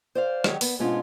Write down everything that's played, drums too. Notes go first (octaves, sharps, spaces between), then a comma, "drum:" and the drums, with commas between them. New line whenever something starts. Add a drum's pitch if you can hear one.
C5 D5 F5
D#3 F#3 G#3 G4 C#5, drum: rim click
B3, drum: open hi-hat
G#2 B2 G#3 C#4 D4 F4